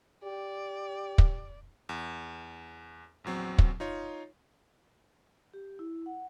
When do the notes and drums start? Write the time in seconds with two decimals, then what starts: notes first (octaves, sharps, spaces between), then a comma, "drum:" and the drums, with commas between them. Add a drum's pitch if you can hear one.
0.24 G4 D5
1.18 drum: kick
1.89 E2
3.24 A#1 E2 F#3 C4
3.58 drum: kick
3.80 D#4 F4 C#5
5.54 G4
5.79 E4
6.06 F#5